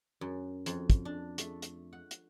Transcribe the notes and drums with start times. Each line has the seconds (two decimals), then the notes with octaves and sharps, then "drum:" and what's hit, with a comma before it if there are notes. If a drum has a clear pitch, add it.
0.21 F#2
0.66 F2, drum: hi-hat
0.90 drum: kick, hi-hat
1.05 D4
1.38 A3, drum: hi-hat
1.62 drum: hi-hat
1.93 F#5
2.11 drum: hi-hat